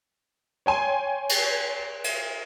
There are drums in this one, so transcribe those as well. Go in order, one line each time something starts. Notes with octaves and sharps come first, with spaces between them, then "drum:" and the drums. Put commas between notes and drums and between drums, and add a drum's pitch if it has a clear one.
C#5 G5 G#5 C6
drum: cymbal
drum: cymbal